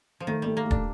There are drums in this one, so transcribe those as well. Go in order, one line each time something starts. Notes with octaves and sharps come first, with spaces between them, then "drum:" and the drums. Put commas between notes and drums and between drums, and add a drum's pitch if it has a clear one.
F3
D#3 A3
G3 A3
A#3
A3
D4, drum: kick D#1